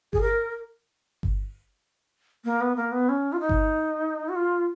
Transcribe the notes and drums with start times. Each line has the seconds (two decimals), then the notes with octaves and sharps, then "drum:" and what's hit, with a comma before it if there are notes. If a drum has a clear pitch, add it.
0.13 G#4, drum: kick G1
0.22 A#4
1.23 drum: kick G1
2.45 A#3
2.61 B3
2.76 A#3
2.92 B3
3.09 C#4
3.33 F4
3.40 D#4
3.49 drum: kick G1
4.29 F#4
4.36 F4